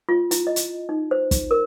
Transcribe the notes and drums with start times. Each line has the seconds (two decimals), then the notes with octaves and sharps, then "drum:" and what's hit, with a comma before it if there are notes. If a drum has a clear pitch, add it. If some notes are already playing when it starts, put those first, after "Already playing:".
0.09 F4
0.31 E4, drum: hi-hat
0.47 D#5
0.56 drum: hi-hat
0.89 D#4
1.11 C5
1.31 drum: kick, hi-hat
1.51 A#4